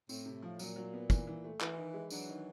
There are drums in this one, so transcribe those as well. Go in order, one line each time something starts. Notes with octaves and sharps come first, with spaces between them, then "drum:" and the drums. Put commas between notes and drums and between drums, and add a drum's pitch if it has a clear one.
A2 C4, drum: tambourine
C3
F3
A#2 F#3, drum: tambourine
F#3
B3
E3, drum: kick, tambourine
E3
A3
E3 E4, drum: clap
D#3
G#3
E3 F#3 D4, drum: tambourine
D#3